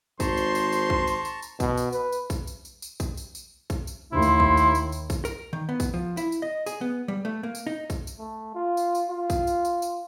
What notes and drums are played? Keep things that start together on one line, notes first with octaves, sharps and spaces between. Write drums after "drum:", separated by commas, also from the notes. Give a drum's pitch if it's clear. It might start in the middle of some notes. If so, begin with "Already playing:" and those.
G#1 C5 A5 A#5 C6 C#6, drum: kick, tambourine
drum: tambourine
drum: tambourine
drum: tambourine
drum: kick
drum: tambourine
drum: tambourine
drum: tambourine
B2, drum: kick, tambourine
drum: tambourine
B4, drum: tambourine
drum: tambourine
drum: kick, tambourine
drum: tambourine
drum: tambourine
drum: tambourine
drum: kick, tambourine
drum: tambourine
drum: tambourine
drum: kick, tambourine
drum: tambourine
D#2 A3 E4 C6
drum: tambourine
drum: kick
drum: tambourine
drum: tambourine
drum: tambourine
drum: kick, tambourine
A#4, drum: tambourine
D#3
B3
drum: kick, tambourine
F3
E4, drum: tambourine
drum: tambourine
D#5
G#4, drum: tambourine
B3
G3
A3
A#3
drum: tambourine
D#4
drum: kick, tambourine
drum: tambourine
A3
F4
drum: tambourine
drum: tambourine
F4
drum: kick, tambourine
drum: tambourine
drum: tambourine
drum: tambourine